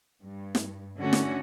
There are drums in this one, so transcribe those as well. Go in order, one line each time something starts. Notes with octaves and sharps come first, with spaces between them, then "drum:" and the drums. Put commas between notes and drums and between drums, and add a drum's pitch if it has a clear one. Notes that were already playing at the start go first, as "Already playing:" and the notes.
G2
drum: snare
D3 A3 C#4 F#4
drum: snare